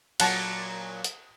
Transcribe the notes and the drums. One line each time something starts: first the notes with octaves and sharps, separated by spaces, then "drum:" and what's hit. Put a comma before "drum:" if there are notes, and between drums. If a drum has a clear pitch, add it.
A#2 F#3 F#5 A5, drum: cymbal
drum: hi-hat